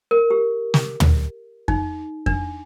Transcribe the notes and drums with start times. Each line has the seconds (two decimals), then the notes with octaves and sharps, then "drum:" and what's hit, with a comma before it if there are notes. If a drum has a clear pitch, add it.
0.11 A#4
0.31 G4
0.74 drum: snare
1.00 drum: tom
1.68 D#4, drum: kick F2
2.26 D4, drum: kick F2